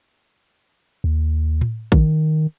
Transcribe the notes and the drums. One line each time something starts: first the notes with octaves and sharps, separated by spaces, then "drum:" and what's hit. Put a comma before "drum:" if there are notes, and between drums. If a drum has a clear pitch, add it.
D#2
drum: tom A2
D#3, drum: kick